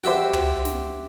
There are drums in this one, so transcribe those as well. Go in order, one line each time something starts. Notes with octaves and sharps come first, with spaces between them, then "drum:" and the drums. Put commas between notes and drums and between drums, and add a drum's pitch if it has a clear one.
F#4 G4 C5 E5 G5
drum: tom
drum: snare